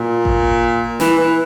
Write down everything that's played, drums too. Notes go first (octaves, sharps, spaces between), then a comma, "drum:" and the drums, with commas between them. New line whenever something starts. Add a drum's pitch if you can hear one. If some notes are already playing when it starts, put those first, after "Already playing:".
Already playing: A#2
drum: kick G#1
E3, drum: snare
E3